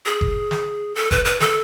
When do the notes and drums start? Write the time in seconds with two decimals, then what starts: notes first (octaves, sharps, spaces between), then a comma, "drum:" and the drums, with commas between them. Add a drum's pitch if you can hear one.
0.06 G#4
0.21 drum: kick F#1
0.51 drum: snare
0.95 A4
1.11 B4, drum: kick F#1
1.25 B4
1.40 A4, drum: snare